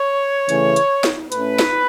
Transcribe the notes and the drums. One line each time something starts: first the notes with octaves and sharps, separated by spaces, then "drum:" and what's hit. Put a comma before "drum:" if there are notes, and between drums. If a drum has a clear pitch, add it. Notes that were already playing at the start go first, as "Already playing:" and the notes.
Already playing: C#5
C#3 E3 A3 C#4, drum: hi-hat
drum: hi-hat
drum: snare
A2 A3 C#4 B4, drum: hi-hat
drum: snare